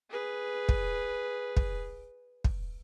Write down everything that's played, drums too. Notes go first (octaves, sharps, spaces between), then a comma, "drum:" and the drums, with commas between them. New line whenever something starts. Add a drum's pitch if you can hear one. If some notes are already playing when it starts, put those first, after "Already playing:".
G#4 B4
drum: kick
drum: kick
drum: kick